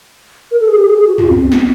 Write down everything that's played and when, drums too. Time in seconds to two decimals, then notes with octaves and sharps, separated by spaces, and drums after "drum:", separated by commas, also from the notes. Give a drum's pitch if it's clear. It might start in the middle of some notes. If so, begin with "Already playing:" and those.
0.51 A#4
0.60 A4
0.68 G#4
0.76 G4
0.85 G#4
0.96 G#4
1.07 F#4
1.18 F4, drum: tom
1.29 C4
1.41 C4
1.52 B3, drum: snare